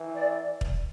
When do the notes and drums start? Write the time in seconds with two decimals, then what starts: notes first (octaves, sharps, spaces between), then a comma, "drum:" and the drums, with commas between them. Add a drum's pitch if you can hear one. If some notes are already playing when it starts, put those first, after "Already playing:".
Already playing: E3
0.14 D5
0.61 drum: kick